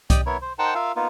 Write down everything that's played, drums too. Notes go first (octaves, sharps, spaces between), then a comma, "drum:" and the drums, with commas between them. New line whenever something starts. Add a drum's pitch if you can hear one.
G4 D5 D#5 G5, drum: kick C2, hi-hat
B3 E4 A#4 C#5
C5
D#4 A#4 C5 F#5 G5 A5
F4 A#4 E5 F5
A#3 B3 D#4 F4